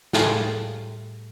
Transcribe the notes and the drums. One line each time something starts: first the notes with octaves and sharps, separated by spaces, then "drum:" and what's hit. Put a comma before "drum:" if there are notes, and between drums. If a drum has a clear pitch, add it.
A2 G3 F4 G#4, drum: snare